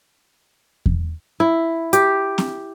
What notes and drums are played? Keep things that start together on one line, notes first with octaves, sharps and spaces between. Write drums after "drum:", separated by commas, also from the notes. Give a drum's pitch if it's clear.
drum: kick E2
E4
G4, drum: hi-hat
drum: snare C4